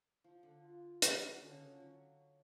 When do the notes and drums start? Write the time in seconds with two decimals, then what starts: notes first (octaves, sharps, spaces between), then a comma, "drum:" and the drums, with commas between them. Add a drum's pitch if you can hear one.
0.24 F3
0.43 D3
0.62 F4
1.02 F#4, drum: hi-hat
1.41 D3 C#4
1.51 C#3
1.61 D3
1.72 F3
1.80 F#3